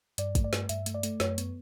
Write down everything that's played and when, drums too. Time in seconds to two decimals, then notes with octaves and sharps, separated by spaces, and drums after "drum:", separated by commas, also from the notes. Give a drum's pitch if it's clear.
0.18 G2 D5, drum: hi-hat
0.35 A3, drum: kick, hi-hat
0.44 D5
0.53 G2, drum: snare
0.69 G2 E5, drum: hi-hat
0.86 A3, drum: hi-hat
0.94 D5
1.03 A3, drum: hi-hat
1.20 F#2 C#5, drum: snare
1.38 B3, drum: hi-hat